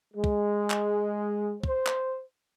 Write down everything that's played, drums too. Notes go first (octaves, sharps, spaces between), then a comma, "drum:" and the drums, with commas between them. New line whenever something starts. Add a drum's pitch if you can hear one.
G#3
drum: kick
drum: clap
C5, drum: kick
drum: clap